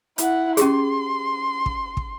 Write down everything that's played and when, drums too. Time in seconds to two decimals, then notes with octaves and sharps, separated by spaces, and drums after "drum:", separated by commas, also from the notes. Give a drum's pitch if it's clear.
0.18 E4 F#5, drum: hi-hat
0.57 C#4 G4 G#4 C6, drum: hi-hat
1.66 drum: kick
1.97 drum: kick